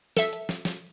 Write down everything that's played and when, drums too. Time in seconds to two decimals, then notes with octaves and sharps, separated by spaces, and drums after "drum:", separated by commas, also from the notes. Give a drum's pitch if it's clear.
0.17 A4 E5, drum: snare
0.33 drum: hi-hat
0.49 drum: snare
0.65 drum: snare